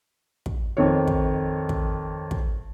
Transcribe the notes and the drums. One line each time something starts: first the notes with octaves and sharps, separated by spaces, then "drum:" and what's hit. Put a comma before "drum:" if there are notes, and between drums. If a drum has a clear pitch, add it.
drum: kick
F2 D#3 C#5
drum: kick
drum: kick
drum: kick